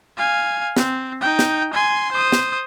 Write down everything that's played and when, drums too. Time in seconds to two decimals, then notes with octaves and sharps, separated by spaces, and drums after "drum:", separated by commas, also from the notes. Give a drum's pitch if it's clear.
0.17 F5 G#5
0.77 C4, drum: snare
1.21 D#4 G5
1.39 drum: snare
1.74 G#5 C6
2.12 C5 D#6
2.32 drum: snare